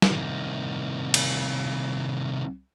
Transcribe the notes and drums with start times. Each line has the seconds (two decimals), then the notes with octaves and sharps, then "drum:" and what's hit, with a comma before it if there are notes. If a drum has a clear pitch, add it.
0.02 drum: snare
0.11 C2 D#3
1.14 drum: cymbal